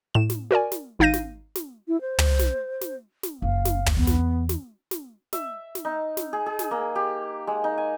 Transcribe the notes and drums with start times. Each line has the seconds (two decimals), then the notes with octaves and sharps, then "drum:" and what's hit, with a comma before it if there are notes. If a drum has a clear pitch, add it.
0.15 A2 E7
0.30 drum: snare
0.51 F#4 A#4 D5 G#5
0.72 drum: snare
0.99 G#1 D#4 F5 G6 A#6 D#7
1.14 drum: snare
1.56 drum: snare
1.88 E4
2.01 C5
2.18 drum: tom
2.39 drum: snare
2.81 drum: snare
3.23 drum: snare
3.42 F#1 F5
3.65 drum: snare
3.86 drum: tom
3.97 E2 B3
4.07 drum: snare
4.49 drum: snare
4.91 drum: snare
5.33 E5, drum: snare
5.75 drum: snare
5.85 D#4
6.17 drum: snare
6.33 G#4
6.46 G#4
6.59 drum: snare
6.71 A#3
6.95 G4
7.47 G#3
7.64 D#4
7.78 G#5